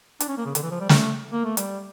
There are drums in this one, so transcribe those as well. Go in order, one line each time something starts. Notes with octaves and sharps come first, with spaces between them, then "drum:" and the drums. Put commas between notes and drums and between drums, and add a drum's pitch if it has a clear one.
D4, drum: hi-hat
C#4
A#3
C#3
D3, drum: hi-hat
E3
F3
G3
A3, drum: snare
A#3
A3
G3, drum: hi-hat